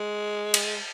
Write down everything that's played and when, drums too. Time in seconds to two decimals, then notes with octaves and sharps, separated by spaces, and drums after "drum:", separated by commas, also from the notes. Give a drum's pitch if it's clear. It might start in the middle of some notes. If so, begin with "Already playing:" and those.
Already playing: G#3
0.54 drum: cymbal